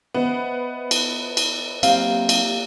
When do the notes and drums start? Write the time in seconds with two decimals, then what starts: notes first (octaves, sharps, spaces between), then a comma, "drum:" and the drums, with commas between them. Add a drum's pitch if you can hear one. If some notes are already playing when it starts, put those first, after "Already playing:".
0.14 B3 C5 D#5 E5
0.91 drum: cymbal
1.37 drum: cymbal
1.83 F#3 A#3 C4 G4 E5 F5, drum: cymbal
2.29 drum: cymbal